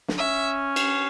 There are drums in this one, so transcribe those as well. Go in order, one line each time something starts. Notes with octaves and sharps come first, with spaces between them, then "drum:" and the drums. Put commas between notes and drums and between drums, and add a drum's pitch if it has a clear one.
drum: snare
C#4 E5
drum: cymbal